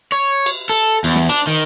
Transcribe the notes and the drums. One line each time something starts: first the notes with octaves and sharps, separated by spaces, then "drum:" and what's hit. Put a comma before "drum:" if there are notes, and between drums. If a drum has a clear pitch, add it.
C#5
drum: cymbal
A4
E2, drum: cymbal
drum: snare
D4, drum: cymbal
D#3